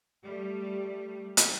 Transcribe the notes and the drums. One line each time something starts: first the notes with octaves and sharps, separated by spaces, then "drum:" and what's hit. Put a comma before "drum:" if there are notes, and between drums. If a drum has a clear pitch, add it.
G3 A3
drum: hi-hat